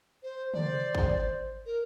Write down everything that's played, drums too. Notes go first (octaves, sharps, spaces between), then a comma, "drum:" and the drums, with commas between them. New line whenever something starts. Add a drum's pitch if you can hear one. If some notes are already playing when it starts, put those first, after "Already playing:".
C5
C5 D5, drum: tom
drum: kick
A#4